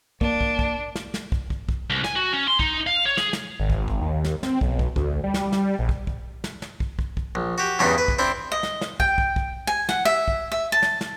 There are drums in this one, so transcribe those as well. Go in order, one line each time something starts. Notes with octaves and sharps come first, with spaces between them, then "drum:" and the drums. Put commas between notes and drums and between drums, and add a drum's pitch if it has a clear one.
A#3 D4, drum: kick
drum: kick
drum: kick
drum: snare
drum: snare
drum: kick
drum: kick
drum: kick
C2
G#5, drum: snare
F#4
C#4
C6
D#4, drum: kick
F5
C#5
G#4, drum: snare
drum: snare
G#1
drum: kick
drum: kick
D#2
drum: snare
C4, drum: snare
B1, drum: kick
drum: kick
D2, drum: kick
G3
drum: snare
drum: snare
A#1
drum: kick
drum: kick
drum: snare
drum: snare
drum: kick
drum: kick
drum: kick
A#1
F#4 G4
E2 G2 C#3 D4 D#4 B5
B4
drum: kick
C4 D4 E4 C5
D#5
drum: snare
drum: snare
G5, drum: kick
drum: kick
drum: kick
G#5
F#5, drum: snare
E5
drum: kick
E5
A5
drum: snare
drum: snare